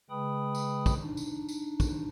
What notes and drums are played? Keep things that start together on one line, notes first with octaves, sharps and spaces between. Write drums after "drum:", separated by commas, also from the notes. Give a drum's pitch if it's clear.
C#3 G#3 B4 G5 B5 D#6
drum: tambourine
drum: kick, tambourine
D4 D#4
drum: tambourine
drum: tambourine
drum: kick, tambourine